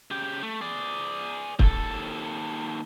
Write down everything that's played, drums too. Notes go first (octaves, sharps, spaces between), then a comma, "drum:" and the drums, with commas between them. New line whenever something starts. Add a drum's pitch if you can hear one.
C#3 G4
A3
G#4 D5
D#2 A4, drum: kick